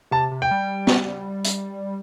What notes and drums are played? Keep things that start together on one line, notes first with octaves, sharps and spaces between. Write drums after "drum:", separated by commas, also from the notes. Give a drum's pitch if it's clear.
C3 A5
C3
G5
G3
drum: snare
drum: hi-hat